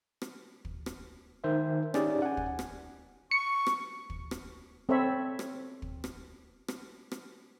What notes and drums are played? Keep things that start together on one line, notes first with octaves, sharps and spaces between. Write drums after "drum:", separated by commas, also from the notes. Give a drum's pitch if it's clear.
drum: rim click
drum: kick
drum: rim click
D#3 C5 E5
C#4 D#4 G4 G#4 D5, drum: rim click
F#5 G#5
drum: kick
drum: rim click
C#6 C#7
drum: rim click
drum: kick
drum: rim click
C4 A4 C5 C#5 E5 B5
drum: rim click
drum: kick
drum: rim click
drum: rim click
drum: rim click